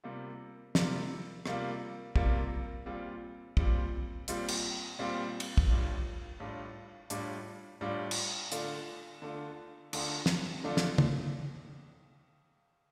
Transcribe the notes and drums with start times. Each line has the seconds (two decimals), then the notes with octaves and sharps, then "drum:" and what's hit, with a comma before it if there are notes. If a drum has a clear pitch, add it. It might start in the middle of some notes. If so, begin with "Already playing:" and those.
0.04 C3 G3 A#3 F4
0.75 C3 G3 A#3 F4, drum: snare
1.46 C3 G3 A#3 F4, drum: rim click
2.16 C3 G3 A#3 F4, drum: kick
2.86 A#2 G3 C4 F4
3.57 A#2 G3 C4 F4, drum: kick
4.28 A#2 G3 C4 F4, drum: hi-hat
4.48 drum: cymbal
4.99 A#2 G3 C4 F4
5.40 drum: cymbal
5.57 drum: kick
5.69 A2 G3 D4 F4
6.40 A2 G3 D4 F4
7.10 A2 G3 D4 F4, drum: hi-hat
7.81 A2 G3 D4 F4
8.11 drum: cymbal
8.52 D3 A3 D4 F4, drum: hi-hat
9.22 D3 A3 D4 F4
9.93 D3 A3 D4 F4, drum: cymbal
10.26 drum: snare
10.64 D3 A3 D4 F4
10.77 drum: snare
10.98 drum: tom